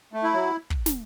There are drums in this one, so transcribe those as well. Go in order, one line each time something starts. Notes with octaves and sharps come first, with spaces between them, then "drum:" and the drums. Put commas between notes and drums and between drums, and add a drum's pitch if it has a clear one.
A3
E4
F#3
drum: kick
drum: snare